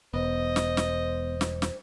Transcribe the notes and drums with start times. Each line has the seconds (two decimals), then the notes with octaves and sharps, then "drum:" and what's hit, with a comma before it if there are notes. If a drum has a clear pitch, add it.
0.14 E1 B3 C5 D#5
0.56 drum: snare
0.77 drum: snare
1.41 drum: snare
1.62 drum: snare